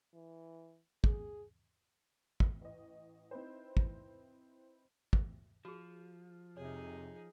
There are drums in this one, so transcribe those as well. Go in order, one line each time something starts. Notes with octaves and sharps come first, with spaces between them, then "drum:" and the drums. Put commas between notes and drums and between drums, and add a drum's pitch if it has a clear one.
E3
G#4, drum: kick
drum: kick
A1 D#5
C4 D#4 E4 B4 C5
drum: kick
drum: kick
F3 F#4 G#4
F2 C3 D#4 G#4 C#5